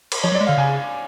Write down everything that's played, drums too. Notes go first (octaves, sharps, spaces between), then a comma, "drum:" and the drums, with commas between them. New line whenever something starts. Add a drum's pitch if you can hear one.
drum: cymbal
F3 C#5
F#3
D5
G#3
D3 F5
C#3 G#5